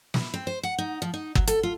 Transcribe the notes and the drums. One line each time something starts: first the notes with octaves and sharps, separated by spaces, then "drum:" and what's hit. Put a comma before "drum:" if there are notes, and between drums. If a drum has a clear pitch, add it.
E4, drum: snare
C4
C5
F#5
D#4
F3
D#4
F#3, drum: kick
A4, drum: hi-hat
F4